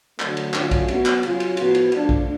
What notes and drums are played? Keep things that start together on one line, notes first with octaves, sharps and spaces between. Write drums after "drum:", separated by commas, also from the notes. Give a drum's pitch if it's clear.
D3 F#3 A3, drum: clap
drum: cymbal
D3 F#3 A3 C#4 F4, drum: clap
drum: kick, cymbal
F#3 B3 F#4, drum: cymbal
drum: clap
C#3 F#3 C#4 F4, drum: cymbal
drum: cymbal
A2 F3 B3 F#4, drum: cymbal
drum: cymbal
F3 A3 D4 F4, drum: cymbal
drum: kick